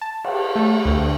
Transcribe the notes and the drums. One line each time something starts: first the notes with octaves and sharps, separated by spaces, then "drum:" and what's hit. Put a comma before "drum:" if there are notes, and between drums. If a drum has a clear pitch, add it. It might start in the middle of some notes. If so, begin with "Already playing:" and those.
A5
drum: cymbal
A3
D2